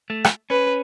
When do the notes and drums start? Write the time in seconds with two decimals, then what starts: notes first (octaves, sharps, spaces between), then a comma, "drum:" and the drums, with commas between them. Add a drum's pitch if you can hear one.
0.10 A3
0.24 drum: rim click
0.50 C#4 B4